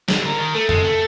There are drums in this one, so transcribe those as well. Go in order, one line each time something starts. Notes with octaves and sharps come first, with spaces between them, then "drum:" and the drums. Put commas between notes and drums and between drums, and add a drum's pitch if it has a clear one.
D3, drum: snare
D3 A#4
D#3
A3 A4
G#3, drum: tom F2
A3